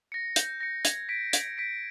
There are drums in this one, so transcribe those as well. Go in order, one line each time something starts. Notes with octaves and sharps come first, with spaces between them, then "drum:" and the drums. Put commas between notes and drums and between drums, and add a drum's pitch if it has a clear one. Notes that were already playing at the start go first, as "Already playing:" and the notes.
A#6 C#7
G6, drum: hi-hat
A#6 C#7
G#6, drum: hi-hat
B6 D7
G#6, drum: hi-hat
B6 D7